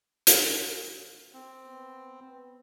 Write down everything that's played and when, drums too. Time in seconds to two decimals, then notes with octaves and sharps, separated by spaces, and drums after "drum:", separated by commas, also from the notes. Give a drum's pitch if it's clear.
0.27 drum: hi-hat
1.34 C4
1.66 B3